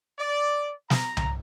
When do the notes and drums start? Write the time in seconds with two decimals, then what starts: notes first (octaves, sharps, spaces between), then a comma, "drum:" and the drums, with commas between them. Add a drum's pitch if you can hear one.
0.19 D5
0.90 A#5, drum: snare
1.17 drum: tom C2